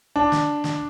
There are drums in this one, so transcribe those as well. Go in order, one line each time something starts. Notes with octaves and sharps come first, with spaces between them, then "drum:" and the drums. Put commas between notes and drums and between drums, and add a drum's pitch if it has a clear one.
D4
drum: snare
drum: snare